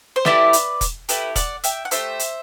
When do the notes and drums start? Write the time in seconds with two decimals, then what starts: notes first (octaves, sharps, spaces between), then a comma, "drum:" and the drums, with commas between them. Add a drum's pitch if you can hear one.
0.16 C5
0.25 A3 E4 G4 B4 D5, drum: snare
0.53 drum: hi-hat
0.81 drum: kick E1, hi-hat
1.09 A3 E4 G4 B4, drum: hi-hat
1.36 D5 F#5, drum: kick E1, hi-hat
1.64 E5 G5, drum: hi-hat
1.85 F#5
1.91 A3 E4 G4 C5 E5, drum: hi-hat
2.19 drum: hi-hat